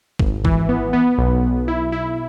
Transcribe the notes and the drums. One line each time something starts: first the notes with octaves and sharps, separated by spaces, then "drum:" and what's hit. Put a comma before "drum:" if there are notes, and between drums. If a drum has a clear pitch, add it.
G#1, drum: kick
E3, drum: kick
B3
B3
B1
B1
E4
E4